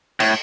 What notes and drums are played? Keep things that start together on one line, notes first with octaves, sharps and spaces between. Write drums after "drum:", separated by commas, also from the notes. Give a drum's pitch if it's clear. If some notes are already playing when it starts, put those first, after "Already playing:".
A2, drum: cymbal